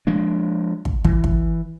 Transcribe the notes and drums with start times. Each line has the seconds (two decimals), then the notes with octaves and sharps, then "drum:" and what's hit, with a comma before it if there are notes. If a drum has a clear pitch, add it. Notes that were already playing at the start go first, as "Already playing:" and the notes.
0.07 F3 G#3 A#3 D4
0.85 drum: kick
1.05 E3, drum: kick
1.24 drum: kick